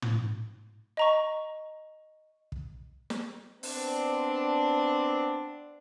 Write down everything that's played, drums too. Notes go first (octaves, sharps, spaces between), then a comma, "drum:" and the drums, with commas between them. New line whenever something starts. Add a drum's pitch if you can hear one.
drum: tom
D#5 A#5 C#6
drum: kick
drum: snare
B3 C4 D4, drum: open hi-hat